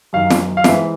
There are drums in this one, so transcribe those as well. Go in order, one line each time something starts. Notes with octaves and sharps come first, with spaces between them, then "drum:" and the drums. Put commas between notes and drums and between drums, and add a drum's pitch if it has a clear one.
F#2 D#3 F5
drum: snare
F5
G#2 E3 E5, drum: snare